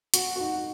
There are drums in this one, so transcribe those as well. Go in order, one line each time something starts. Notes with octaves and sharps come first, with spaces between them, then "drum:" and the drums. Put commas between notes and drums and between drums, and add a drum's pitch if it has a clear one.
F#4, drum: hi-hat
F#4
D#4